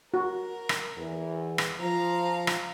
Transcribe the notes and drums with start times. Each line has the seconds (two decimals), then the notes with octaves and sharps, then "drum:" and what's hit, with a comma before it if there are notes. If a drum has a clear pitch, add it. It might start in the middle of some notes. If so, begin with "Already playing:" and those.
0.14 F#4 A#4
0.69 drum: rim click
0.97 E2
1.58 drum: rim click
1.80 F3 F5 A#5
2.47 drum: rim click